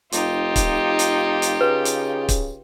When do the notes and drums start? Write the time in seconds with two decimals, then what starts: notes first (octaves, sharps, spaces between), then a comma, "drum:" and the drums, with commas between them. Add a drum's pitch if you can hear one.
0.12 F1 D#4 F4 G4, drum: hi-hat
0.56 drum: kick, hi-hat
0.99 drum: hi-hat
1.42 drum: hi-hat
1.61 C#3 B4
1.85 drum: hi-hat
2.29 drum: kick, hi-hat